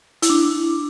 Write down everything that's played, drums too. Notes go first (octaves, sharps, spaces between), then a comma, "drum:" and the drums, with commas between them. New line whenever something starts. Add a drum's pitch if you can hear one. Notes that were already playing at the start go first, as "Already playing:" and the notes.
E4, drum: hi-hat
D4